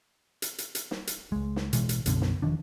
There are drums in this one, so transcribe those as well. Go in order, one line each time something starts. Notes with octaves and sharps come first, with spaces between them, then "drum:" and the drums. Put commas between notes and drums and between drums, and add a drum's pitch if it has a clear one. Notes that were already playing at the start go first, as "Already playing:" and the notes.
drum: hi-hat
drum: hi-hat
drum: hi-hat
drum: snare
drum: hi-hat
C#2 G#3
drum: snare
A1 B2 E3 G#3, drum: hi-hat
drum: hi-hat
B1 F#2 B2 D3, drum: hi-hat
drum: snare
E1 D#3 F3 D4